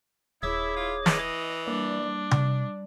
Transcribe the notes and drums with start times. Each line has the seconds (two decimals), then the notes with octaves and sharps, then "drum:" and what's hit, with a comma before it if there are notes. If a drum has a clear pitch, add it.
0.43 D#1 E4 G#4 C#5 E5 D6
0.76 F4
1.06 E3 D#5, drum: snare
1.67 G3 A#3 D4
2.04 G3
2.31 drum: tom C3